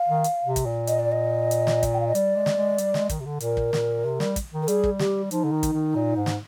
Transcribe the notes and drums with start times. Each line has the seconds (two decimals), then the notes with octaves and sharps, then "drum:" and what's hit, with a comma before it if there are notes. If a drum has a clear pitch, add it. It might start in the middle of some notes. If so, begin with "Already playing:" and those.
Already playing: F5
0.08 D#3
0.24 drum: hi-hat
0.45 C3
0.56 drum: kick, hi-hat
0.66 A#2
0.87 D#5, drum: hi-hat
1.00 D5
1.12 D#5
1.51 drum: hi-hat
1.67 drum: snare
1.83 drum: kick, hi-hat
1.93 G5
2.00 F5
2.07 D#5
2.15 G3 D5, drum: hi-hat
2.36 G#3
2.46 drum: snare
2.57 G#3
2.78 G3, drum: hi-hat
2.94 G#3, drum: snare
3.09 D#3, drum: kick, hi-hat
3.20 C3
3.26 D3
3.40 A#2 A#4, drum: hi-hat
3.57 drum: kick
3.73 A#2, drum: snare
4.05 C3
4.20 G3, drum: snare
4.36 drum: kick, hi-hat
4.52 D#3
4.62 A#4
4.68 G3 G#4, drum: hi-hat
4.84 drum: kick
4.99 G4, drum: snare
5.31 F3 D#4, drum: hi-hat
5.44 D3
5.52 D#3
5.63 drum: kick, hi-hat
5.73 D#3
5.95 A#2
6.16 G#2
6.26 drum: snare